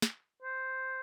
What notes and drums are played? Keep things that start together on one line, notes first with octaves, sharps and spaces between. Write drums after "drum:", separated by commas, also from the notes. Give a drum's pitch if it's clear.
drum: snare
C5